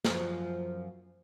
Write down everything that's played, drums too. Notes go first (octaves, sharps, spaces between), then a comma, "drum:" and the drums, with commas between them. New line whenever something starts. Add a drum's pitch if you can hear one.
F#2 F3, drum: snare